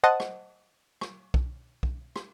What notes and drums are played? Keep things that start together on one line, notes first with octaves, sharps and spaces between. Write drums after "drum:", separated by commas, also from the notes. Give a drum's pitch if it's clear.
C5 D#5 F#5 A5 D#6
drum: rim click
drum: rim click
drum: kick B1
drum: kick B1
drum: rim click